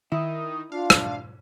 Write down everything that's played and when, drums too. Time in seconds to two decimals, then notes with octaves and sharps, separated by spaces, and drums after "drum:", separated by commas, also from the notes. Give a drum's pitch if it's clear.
0.12 D#3 E4 D#6
0.72 D4 F4 F5
0.90 drum: rim click